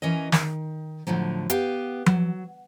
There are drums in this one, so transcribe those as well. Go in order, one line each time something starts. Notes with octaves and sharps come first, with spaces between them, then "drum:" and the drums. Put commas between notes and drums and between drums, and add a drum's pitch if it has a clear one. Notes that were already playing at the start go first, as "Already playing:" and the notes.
E3 C#4 A#4 D#5
D#3, drum: snare
A2 D3 F3 F#3
B3 G4 F5, drum: hi-hat
F#3, drum: tom F3